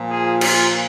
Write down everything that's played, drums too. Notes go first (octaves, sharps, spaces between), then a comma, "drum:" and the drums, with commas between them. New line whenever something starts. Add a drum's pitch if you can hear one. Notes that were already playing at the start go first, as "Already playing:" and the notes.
Already playing: A#2 F3
G#4
F4, drum: cymbal